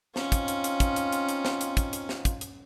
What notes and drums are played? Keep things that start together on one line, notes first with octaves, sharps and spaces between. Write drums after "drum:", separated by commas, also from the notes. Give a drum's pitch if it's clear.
C4 C#4 D#4 F4, drum: snare
drum: kick, hi-hat
drum: hi-hat
drum: hi-hat
drum: kick, hi-hat
drum: hi-hat
drum: hi-hat
drum: hi-hat
drum: snare
drum: hi-hat
drum: kick, hi-hat
drum: hi-hat
drum: snare
drum: kick, hi-hat
drum: hi-hat